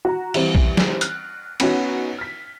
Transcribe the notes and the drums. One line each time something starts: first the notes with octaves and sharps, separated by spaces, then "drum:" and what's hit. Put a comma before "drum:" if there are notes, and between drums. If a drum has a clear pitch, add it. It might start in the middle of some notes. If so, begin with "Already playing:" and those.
F#4 A#5
E3 G3 C4, drum: cymbal
drum: kick A#1
drum: snare
F6 F#6, drum: hi-hat
B3 C#4 D#4 F#4, drum: cymbal
F6 B6